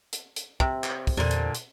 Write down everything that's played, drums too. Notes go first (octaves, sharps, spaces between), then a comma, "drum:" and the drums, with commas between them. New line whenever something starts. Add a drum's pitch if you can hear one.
drum: hi-hat
drum: hi-hat
C3, drum: kick
drum: clap
drum: kick, open hi-hat
E2 A#2 D3
drum: hi-hat
drum: hi-hat